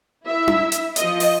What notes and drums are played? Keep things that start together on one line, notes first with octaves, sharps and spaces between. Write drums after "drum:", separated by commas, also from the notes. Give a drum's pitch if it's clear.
E4 E5
drum: tom D4
drum: hi-hat
F3 D#5, drum: hi-hat
drum: open hi-hat